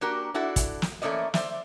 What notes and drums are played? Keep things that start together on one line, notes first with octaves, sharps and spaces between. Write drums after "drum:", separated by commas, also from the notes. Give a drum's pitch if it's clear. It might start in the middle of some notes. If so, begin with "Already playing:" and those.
A#3 D4 F#4 G4 A#4
D4 E4 F#4 A4
drum: kick, hi-hat
drum: snare
E3 A3 A#3 C#4 D5 D#5
C5 D5 E5, drum: snare